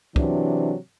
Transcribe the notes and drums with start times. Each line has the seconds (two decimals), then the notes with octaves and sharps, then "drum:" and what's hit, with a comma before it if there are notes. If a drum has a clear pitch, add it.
0.16 C3 E3 F#3 D4, drum: kick